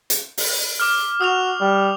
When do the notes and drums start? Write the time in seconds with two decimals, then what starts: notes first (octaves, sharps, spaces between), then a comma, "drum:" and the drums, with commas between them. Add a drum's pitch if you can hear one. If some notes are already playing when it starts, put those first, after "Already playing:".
0.10 drum: hi-hat
0.38 drum: open hi-hat
0.80 D6 F6
1.21 F#4 D#6 F6 F7
1.60 G3